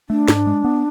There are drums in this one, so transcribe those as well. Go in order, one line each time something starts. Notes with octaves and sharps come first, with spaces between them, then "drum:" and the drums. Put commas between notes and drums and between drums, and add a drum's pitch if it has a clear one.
A3 D4
G#2, drum: snare
G#3
B3